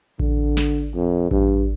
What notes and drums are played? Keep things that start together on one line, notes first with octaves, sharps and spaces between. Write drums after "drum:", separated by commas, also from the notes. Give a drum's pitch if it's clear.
D3, drum: kick A1
drum: snare
F2
G2, drum: kick A1